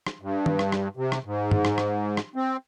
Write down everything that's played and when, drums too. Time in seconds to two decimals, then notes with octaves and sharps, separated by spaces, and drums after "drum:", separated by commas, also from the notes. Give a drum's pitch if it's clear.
0.07 drum: rim click
0.21 G2
0.46 drum: tom
0.59 drum: rim click
0.72 drum: rim click
0.97 C3
1.12 drum: rim click
1.25 G#2
1.51 drum: tom
1.65 drum: rim click
1.78 drum: rim click
2.17 drum: rim click
2.36 C4